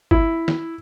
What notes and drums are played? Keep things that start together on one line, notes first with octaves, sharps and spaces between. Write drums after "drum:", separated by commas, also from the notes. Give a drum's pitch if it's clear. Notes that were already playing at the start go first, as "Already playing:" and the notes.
E4, drum: kick G1
drum: snare